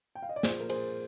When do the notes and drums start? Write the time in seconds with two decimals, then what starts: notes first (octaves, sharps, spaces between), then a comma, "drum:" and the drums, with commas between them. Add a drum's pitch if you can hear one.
0.15 G5
0.23 F5
0.29 D#5
0.36 D5
0.43 A#2 F3 G#4 C5, drum: snare
0.60 A#4
0.69 G#4 C5, drum: cymbal